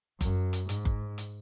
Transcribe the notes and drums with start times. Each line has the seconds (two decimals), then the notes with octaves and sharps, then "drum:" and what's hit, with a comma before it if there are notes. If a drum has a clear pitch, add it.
0.21 F#2, drum: kick F#1, hi-hat
0.53 drum: hi-hat
0.69 G#2, drum: hi-hat
0.85 drum: kick F#1
1.18 drum: hi-hat